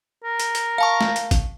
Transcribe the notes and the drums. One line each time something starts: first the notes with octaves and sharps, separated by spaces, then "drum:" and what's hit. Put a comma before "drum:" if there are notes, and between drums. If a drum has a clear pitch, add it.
A#4
drum: hi-hat
drum: hi-hat
F5 A5 C#6
drum: snare
drum: hi-hat
drum: kick G1, hi-hat